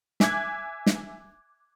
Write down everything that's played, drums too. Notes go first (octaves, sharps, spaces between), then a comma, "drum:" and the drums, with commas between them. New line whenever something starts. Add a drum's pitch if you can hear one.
E5 G#5 D6 F#6 G#6, drum: snare
drum: snare